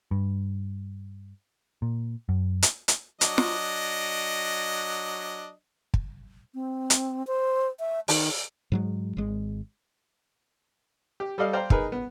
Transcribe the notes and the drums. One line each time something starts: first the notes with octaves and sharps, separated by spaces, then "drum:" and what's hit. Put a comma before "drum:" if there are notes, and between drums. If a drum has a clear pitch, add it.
G2
A#2
F#2
drum: hi-hat
drum: hi-hat
F#3 D4 D#5, drum: hi-hat
drum: snare
drum: kick
C4
drum: hi-hat
C5
E5
D#3, drum: open hi-hat
G#2 F#3 G#3
G#1 G#3
G4
G3 A4 D5 D#5 F5
C5 D5 F5 G5 A#5
D#4 G#4 A#4 B4, drum: kick
B3